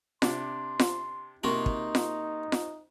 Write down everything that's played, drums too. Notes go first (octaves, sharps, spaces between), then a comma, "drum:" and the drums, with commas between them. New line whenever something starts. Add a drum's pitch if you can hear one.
C3 D4 C6, drum: snare F4
drum: snare F4
C3 A#3 D#4 F4 F#4 A#5
drum: kick
drum: snare F4
drum: snare F4